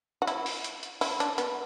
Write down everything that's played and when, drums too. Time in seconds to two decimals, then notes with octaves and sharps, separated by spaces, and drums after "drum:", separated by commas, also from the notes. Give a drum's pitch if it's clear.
0.22 F#4
0.27 E4, drum: hi-hat
0.46 drum: open hi-hat
0.64 drum: hi-hat
0.83 drum: hi-hat
1.01 E4, drum: open hi-hat
1.20 D4, drum: hi-hat
1.38 B3, drum: hi-hat